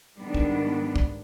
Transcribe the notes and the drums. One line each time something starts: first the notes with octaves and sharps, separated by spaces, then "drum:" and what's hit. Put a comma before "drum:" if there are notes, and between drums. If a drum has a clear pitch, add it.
G#2 D#3 G3 B3 D4
drum: kick
drum: kick